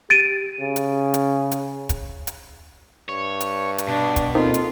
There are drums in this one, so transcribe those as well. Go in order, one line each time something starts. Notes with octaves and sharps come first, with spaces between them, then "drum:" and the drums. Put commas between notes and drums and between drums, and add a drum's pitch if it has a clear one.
G4 A6 D7 D#7
C#3
drum: hi-hat
drum: hi-hat
drum: hi-hat
drum: kick, hi-hat
drum: hi-hat
G2 C#5
drum: hi-hat
drum: hi-hat
B2 D4
drum: kick, hi-hat
A#3 C4 D#4 F4 A4
drum: hi-hat